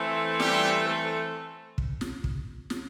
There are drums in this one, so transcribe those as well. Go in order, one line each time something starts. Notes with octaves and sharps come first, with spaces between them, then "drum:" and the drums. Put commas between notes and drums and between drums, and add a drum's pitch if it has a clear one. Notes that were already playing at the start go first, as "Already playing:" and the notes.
Already playing: E3 A3 C4
G3 G4, drum: snare
A3 A4
drum: kick
drum: snare
drum: kick
drum: snare